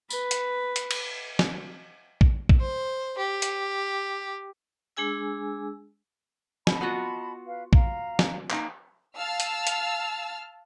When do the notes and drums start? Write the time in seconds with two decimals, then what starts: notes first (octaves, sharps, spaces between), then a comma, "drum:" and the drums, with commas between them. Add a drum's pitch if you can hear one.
0.10 B4, drum: tambourine
0.31 drum: hi-hat
0.76 drum: hi-hat
0.91 drum: cymbal
1.39 drum: snare
2.21 drum: kick A#1
2.49 drum: kick A#1
2.60 C5
3.18 G4
3.42 drum: hi-hat
4.97 G#3 D4 G#4 G#5 E6
6.67 D#5 A5 B5, drum: snare
6.81 B3 F4 F#4
7.47 B4 F5
7.73 F5 A#5, drum: kick A#1
8.19 drum: snare
8.51 A#3 D#4, drum: clap
9.15 F5 A5 E6 F6
9.40 drum: hi-hat
9.67 drum: hi-hat